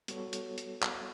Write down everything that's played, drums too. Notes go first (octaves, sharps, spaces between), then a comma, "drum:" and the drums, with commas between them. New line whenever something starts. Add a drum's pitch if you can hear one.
G3 B3 F#4 A4 C#5, drum: hi-hat
drum: hi-hat
drum: hi-hat
drum: clap